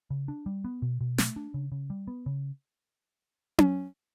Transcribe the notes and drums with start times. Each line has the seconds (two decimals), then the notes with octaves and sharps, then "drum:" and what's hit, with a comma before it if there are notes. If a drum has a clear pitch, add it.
0.10 C#3
0.28 D4
0.46 G3
0.65 B3
0.82 B2
1.01 B2
1.18 A3, drum: snare
1.36 D4
1.54 C#3
1.72 C#3
1.90 G3
2.07 B3
2.26 C#3
3.58 drum: tom C#4